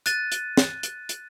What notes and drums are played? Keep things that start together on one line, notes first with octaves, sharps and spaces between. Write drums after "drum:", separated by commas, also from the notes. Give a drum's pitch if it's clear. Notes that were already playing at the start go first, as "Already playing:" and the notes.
F#6 A6 D#7, drum: hi-hat
drum: hi-hat
drum: snare
drum: hi-hat
drum: hi-hat